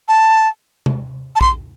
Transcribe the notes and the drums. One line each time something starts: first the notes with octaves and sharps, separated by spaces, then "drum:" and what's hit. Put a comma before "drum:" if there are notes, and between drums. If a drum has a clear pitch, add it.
A5
drum: tom C3
A5
C6, drum: kick A#1